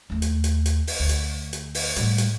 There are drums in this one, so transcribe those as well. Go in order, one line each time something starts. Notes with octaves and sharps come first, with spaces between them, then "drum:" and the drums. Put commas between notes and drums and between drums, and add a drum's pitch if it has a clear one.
D#2 A3
drum: hi-hat
drum: hi-hat
drum: hi-hat
drum: open hi-hat
D2
drum: hi-hat
drum: hi-hat
drum: open hi-hat
A2 G3, drum: hi-hat
drum: hi-hat